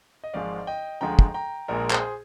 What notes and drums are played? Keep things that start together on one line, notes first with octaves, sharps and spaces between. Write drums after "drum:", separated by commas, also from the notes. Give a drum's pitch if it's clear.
D#5
G#1 G#2 F3 G#3 D5 F5
D#5 G5
D2 D3 F3 G#3 G5 A#5
drum: kick
G5 A#5
A#1 A#2 G#3 A#4 D5
G#4 C5, drum: clap